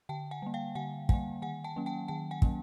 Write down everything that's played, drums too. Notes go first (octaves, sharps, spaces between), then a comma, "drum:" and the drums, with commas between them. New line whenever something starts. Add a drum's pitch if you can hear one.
D3 G5 A5
F#5 G#5
G3 A#3
F5 G5
D3 F#5 G#5
G3 A#3 F#5 G#5, drum: kick
D#3 F#5 G#5
G5 A5
F#3 A#3 C#4
G5 A5
D#3 G5 A5
F#5 G#5
F#3 A#3 C#4, drum: kick